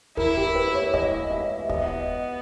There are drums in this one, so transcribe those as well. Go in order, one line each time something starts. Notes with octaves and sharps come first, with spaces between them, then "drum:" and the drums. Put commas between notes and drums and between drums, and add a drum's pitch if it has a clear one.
E4 A#4, drum: kick
G4
B4
C#5
D#5, drum: kick
E5
B3 D#5, drum: kick